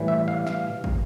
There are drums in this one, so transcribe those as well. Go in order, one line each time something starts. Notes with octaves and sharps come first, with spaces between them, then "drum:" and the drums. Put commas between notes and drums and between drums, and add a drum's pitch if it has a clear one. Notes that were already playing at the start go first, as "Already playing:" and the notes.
Already playing: A2 E3 G3
E5
F5
F5, drum: snare
drum: kick